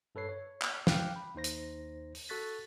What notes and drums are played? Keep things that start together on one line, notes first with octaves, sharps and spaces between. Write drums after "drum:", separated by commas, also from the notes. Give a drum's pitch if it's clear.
G2 A4 B4 C#5 C7
C#5
drum: clap
F5 G5 D6 F#6 G6, drum: snare
B5
D#2 D#4 C5 A#6
drum: hi-hat
drum: open hi-hat
F#4 A4 C#6 F#6 A6 B6